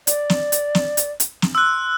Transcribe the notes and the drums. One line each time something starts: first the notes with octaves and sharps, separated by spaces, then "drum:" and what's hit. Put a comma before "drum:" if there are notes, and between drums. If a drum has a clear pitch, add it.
D5, drum: hi-hat
drum: snare
drum: hi-hat
drum: snare
drum: hi-hat
drum: hi-hat
drum: snare
C6 E6 F#6